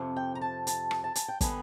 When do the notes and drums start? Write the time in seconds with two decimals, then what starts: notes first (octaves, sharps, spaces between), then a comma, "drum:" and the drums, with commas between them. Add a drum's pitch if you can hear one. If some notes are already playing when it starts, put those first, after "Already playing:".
Already playing: F2 C3
0.16 G5
0.35 A#5
0.41 A5
0.67 A5, drum: hi-hat
0.91 drum: rim click
1.04 A5
1.15 G#5, drum: hi-hat
1.28 G5
1.41 D3 G3 B3 G#5, drum: kick, hi-hat